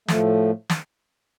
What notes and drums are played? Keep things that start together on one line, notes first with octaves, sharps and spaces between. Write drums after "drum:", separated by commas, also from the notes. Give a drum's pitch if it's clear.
A2 F3 A3, drum: snare
drum: snare